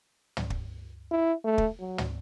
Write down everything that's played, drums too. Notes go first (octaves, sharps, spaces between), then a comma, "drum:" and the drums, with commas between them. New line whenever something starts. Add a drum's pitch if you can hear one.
drum: tom
drum: kick
E4
A3
drum: kick
F#3
drum: tom